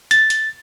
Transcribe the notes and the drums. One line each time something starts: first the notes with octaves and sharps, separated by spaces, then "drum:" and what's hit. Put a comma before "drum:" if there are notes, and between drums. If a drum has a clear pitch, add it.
A6, drum: hi-hat
drum: hi-hat